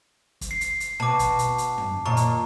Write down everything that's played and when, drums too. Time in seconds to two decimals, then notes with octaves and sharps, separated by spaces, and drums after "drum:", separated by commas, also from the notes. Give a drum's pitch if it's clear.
0.41 drum: kick, hi-hat
0.51 C7
0.61 drum: hi-hat
0.80 drum: hi-hat
1.00 B2 A5 D6
1.19 drum: kick, hi-hat
1.39 drum: hi-hat
1.58 drum: hi-hat
1.78 drum: tom
2.06 D#2 A#2 A#5 C#6
2.17 drum: hi-hat